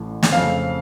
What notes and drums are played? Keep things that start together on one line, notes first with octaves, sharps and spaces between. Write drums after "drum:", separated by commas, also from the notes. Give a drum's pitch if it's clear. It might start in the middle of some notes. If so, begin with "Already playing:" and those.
Already playing: A1 A2 A3
drum: snare
F2 C#3 A3 C4 F5